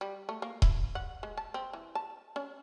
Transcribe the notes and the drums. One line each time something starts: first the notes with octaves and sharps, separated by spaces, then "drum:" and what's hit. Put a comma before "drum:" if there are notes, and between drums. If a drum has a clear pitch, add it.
G3
A3
A#3
E4, drum: kick D#1
F#5
G#3
A5
C4
E3
A5
C#4